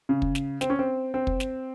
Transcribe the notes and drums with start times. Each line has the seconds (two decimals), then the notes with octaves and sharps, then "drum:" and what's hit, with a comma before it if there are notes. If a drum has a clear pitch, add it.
0.09 C#3
0.22 drum: kick
0.35 drum: snare
0.61 C4, drum: snare
0.70 C#4
0.79 C4
1.14 C4
1.27 drum: kick
1.40 drum: snare